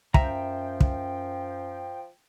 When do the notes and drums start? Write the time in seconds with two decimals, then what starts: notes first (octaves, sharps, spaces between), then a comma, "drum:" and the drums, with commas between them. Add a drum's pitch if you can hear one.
0.14 F#2 F3 E5 G5 A#5, drum: kick
0.81 drum: kick